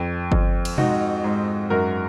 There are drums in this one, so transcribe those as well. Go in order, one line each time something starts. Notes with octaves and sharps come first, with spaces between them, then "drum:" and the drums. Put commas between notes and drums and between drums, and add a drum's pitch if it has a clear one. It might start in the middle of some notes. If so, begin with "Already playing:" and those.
Already playing: F2 F3
F2, drum: kick G1
drum: cymbal
G#2 D#4 F#4, drum: tom B2
G#2
F#2 F#4 A#4